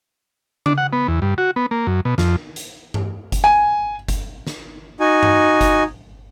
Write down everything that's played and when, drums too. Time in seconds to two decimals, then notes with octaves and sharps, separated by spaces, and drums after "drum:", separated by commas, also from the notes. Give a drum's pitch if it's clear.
0.66 D4, drum: tom C#3
0.78 F#5
0.93 B3
1.08 E2
1.22 G2
1.38 F#4
1.56 B3
1.71 A#3
1.87 F#2
2.05 B2
2.18 F2, drum: snare
2.56 drum: hi-hat
2.94 drum: tom G2
3.32 drum: kick F#1, hi-hat
3.44 G#5
4.08 drum: kick F#1, hi-hat
4.47 drum: snare
5.00 D#4 F#4 G#5
5.23 drum: tom G2
5.61 drum: kick F#1, hi-hat